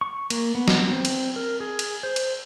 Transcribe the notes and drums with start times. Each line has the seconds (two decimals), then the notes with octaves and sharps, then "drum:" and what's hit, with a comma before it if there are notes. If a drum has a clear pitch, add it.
0.01 C#6
0.30 A#3, drum: cymbal
0.55 B3
0.68 drum: snare
0.91 C4
1.05 drum: cymbal
1.36 A#4
1.60 G#4
1.79 drum: cymbal
2.03 C5
2.16 drum: cymbal